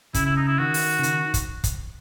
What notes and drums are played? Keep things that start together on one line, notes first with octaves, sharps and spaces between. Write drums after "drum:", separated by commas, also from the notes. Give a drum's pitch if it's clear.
C#3 E4, drum: kick, hi-hat
E4
D#4
E4
D#3 F#4
drum: open hi-hat
C#3
D#3, drum: hi-hat
drum: kick, hi-hat
drum: kick, hi-hat